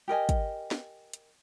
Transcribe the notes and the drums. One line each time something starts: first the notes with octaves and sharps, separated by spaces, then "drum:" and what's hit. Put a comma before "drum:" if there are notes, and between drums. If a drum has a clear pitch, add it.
G4 A#4 D#5 G#5
drum: kick, hi-hat
drum: snare
drum: hi-hat